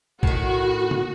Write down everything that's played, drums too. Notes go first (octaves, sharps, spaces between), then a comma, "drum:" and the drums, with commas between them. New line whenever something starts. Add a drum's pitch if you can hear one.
A2 D#3 F#4, drum: kick A#1
drum: tom